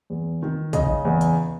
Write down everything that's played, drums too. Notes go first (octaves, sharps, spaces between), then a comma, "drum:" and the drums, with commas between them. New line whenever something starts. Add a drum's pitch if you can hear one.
E2
D#3
C#3 D#5, drum: kick, hi-hat
E2
drum: hi-hat